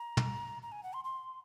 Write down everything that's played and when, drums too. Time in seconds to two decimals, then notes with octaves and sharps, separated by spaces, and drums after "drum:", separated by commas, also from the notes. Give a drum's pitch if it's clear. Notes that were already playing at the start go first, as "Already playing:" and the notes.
Already playing: A#5
0.17 drum: tom
0.62 A#5
0.72 G#5
0.83 F#5
0.93 C6
1.04 C6